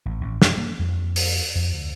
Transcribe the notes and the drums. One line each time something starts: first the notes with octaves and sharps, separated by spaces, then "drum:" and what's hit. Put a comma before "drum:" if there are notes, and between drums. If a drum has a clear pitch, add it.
A1
A1
F#2, drum: snare
A#3
F2
drum: open hi-hat
F2
D2